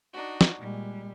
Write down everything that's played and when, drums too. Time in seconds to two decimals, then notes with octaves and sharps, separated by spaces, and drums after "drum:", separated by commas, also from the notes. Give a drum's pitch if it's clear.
0.12 D4 D#4 F#4
0.41 drum: snare
0.59 A#2 G3 G#3